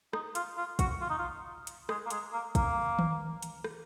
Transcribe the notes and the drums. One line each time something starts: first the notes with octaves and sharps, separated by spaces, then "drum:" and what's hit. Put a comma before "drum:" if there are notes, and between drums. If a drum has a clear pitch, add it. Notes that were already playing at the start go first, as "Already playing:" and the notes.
D#4, drum: rim click
F4, drum: hi-hat
F4
F#4, drum: kick, hi-hat
F4
D#4
F4
drum: hi-hat
G#3, drum: rim click
A#3
G#3, drum: hi-hat
A#3
A#3, drum: kick, hi-hat
drum: tom D#3
drum: hi-hat
drum: rim click